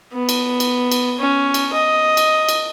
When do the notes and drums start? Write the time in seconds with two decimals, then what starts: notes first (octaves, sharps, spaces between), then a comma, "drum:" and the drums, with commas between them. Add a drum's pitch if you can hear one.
0.13 B3
0.29 drum: cymbal
0.60 drum: cymbal
0.92 drum: cymbal
1.19 C#4
1.54 drum: cymbal
1.73 D#5
2.17 drum: cymbal
2.49 drum: cymbal